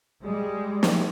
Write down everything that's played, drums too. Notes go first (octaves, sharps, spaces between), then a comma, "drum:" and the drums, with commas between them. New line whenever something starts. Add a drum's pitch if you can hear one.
G3 G#3
drum: snare